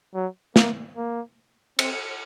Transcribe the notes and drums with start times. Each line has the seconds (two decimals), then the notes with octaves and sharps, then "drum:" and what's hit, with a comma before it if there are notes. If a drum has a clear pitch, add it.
0.15 F#3
0.56 A#3, drum: snare
0.97 A#3
1.79 C4, drum: cymbal